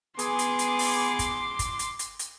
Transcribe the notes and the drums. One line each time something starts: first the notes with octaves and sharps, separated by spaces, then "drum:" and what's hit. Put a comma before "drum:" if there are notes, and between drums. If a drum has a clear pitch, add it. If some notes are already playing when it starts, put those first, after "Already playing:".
B3 G#4 C6 D6, drum: hi-hat
drum: hi-hat
drum: hi-hat
drum: open hi-hat
drum: kick, hi-hat
drum: kick, hi-hat
drum: hi-hat
drum: hi-hat
drum: hi-hat